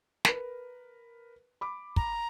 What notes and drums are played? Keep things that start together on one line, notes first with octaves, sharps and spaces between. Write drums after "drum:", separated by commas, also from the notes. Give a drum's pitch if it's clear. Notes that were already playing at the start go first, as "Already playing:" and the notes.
A#4 B4, drum: snare
B5 D6
A#5, drum: kick